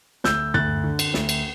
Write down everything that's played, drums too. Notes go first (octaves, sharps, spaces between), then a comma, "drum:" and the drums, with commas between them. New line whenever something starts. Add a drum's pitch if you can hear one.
D2 E6 G6, drum: snare
D2 F#6 A6, drum: tom
D3
drum: cymbal
D2, drum: snare
drum: cymbal